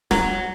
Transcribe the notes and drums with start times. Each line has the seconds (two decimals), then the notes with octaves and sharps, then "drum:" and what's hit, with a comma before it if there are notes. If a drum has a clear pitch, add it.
0.11 F#3, drum: snare